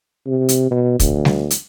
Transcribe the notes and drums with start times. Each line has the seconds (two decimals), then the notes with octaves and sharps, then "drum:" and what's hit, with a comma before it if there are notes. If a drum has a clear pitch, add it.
0.27 C3
0.49 drum: hi-hat
0.71 B2
1.00 D2, drum: kick, hi-hat
1.25 drum: snare G3
1.51 drum: hi-hat